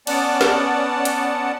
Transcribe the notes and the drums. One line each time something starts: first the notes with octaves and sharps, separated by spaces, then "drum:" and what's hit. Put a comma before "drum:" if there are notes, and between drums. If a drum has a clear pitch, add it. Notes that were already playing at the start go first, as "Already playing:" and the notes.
B3 C#4 D5 F#5 A5, drum: cymbal
drum: snare
drum: hi-hat